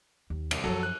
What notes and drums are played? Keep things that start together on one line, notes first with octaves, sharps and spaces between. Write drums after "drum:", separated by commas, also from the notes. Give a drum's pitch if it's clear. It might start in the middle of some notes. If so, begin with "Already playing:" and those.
D#2
C2, drum: cymbal
F#2 F3 F#3 A4
F#6